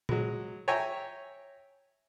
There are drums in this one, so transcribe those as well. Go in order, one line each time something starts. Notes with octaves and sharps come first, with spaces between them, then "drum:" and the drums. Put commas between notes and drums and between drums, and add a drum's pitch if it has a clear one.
F#3 G#3, drum: tom A#2
C#5 E5 G5 G#5 A#5